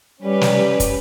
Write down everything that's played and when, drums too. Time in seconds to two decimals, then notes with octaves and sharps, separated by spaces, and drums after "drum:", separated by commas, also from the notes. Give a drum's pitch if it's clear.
0.22 G3 C#4 G4 B4
0.41 drum: snare
0.80 drum: kick, hi-hat